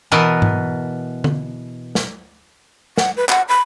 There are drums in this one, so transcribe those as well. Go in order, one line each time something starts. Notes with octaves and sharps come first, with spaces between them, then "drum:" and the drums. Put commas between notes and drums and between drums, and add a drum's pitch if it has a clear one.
B2 E3 B3 A#4 A5
drum: tom G#2
drum: tom D3
drum: snare
F#5, drum: snare
B4
F#5, drum: clap
B5